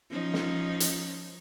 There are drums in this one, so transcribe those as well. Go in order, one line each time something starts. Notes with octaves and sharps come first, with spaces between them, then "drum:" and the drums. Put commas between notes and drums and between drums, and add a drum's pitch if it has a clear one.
F3 C#4 D#4
drum: snare
drum: hi-hat